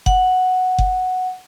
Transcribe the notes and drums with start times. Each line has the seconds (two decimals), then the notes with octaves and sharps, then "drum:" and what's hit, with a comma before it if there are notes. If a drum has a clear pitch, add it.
0.06 F#5, drum: kick F#1
0.78 drum: kick F#1